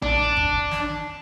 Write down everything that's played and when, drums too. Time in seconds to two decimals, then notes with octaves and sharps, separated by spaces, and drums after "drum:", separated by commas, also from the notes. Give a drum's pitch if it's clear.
0.02 D4, drum: tom A#1
0.37 drum: kick
0.71 drum: snare